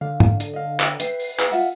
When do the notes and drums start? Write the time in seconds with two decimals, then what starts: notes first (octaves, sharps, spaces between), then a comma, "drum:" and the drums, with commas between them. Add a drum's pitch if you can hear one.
0.01 D3 F5
0.20 drum: tom
0.40 drum: hi-hat
0.53 D#5 F5
0.80 drum: clap
1.00 B4 E5 G5 C7, drum: hi-hat
1.20 drum: open hi-hat
1.39 drum: clap
1.52 F4 E5 F#5